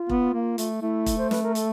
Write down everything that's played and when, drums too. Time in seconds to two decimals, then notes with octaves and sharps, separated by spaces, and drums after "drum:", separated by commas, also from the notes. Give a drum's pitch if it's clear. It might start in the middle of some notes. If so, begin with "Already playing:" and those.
Already playing: F4
0.09 B3, drum: kick E1
0.34 A#3
0.58 A3, drum: hi-hat
0.81 A3 E4
1.06 drum: kick E1, hi-hat
1.18 C5
1.31 B4, drum: snare
1.43 A#4
1.55 A4, drum: hi-hat